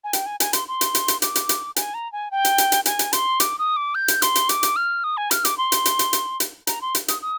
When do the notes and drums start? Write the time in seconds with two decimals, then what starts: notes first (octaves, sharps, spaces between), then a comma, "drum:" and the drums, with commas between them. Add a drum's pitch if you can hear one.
0.04 G#5
0.13 G5, drum: hi-hat
0.26 G#5
0.40 G#5, drum: hi-hat
0.53 C6, drum: hi-hat
0.68 C6
0.81 drum: hi-hat
0.95 drum: hi-hat
1.08 drum: hi-hat
1.22 D6, drum: hi-hat
1.35 drum: hi-hat
1.49 drum: hi-hat
1.76 G#5, drum: hi-hat
1.94 A#5
2.12 G#5
2.31 G5
2.45 drum: hi-hat
2.58 drum: hi-hat
2.72 drum: hi-hat
2.86 G#5, drum: hi-hat
2.99 drum: hi-hat
3.13 C6, drum: hi-hat
3.40 D6, drum: hi-hat
3.59 D#6
3.76 D6
3.95 G6
4.08 drum: hi-hat
4.22 C6, drum: hi-hat
4.35 drum: hi-hat
4.49 D6, drum: hi-hat
4.63 drum: hi-hat
4.76 F6
5.04 D#6
5.17 G#5
5.31 F6, drum: hi-hat
5.45 D6, drum: hi-hat
5.58 C6
5.72 drum: hi-hat
5.85 drum: hi-hat
5.99 drum: hi-hat
6.13 drum: hi-hat
6.40 drum: hi-hat
6.67 A#5, drum: hi-hat
6.81 C6
6.95 drum: hi-hat
7.08 D#6, drum: hi-hat
7.22 D#6